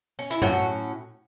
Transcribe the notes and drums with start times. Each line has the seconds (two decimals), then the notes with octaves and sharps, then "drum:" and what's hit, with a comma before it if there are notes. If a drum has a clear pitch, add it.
0.19 C#4
0.31 E4, drum: hi-hat
0.42 A2 F#3 C#4 F#4, drum: tom G#2